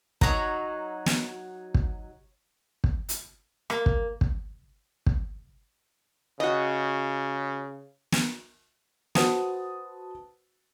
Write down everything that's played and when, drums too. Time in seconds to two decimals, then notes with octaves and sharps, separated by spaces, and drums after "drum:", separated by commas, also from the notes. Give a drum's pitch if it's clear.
0.21 F#3 D#4 C#5 A#5, drum: kick
1.06 drum: snare
1.74 drum: kick
2.84 drum: kick
3.09 drum: hi-hat
3.70 A#3, drum: rim click
3.86 drum: kick
4.21 drum: kick
5.06 drum: kick
6.40 C#3 F#4 D#5
8.12 drum: snare
9.15 F#4 B4 C5 F#5 A5 D#6, drum: snare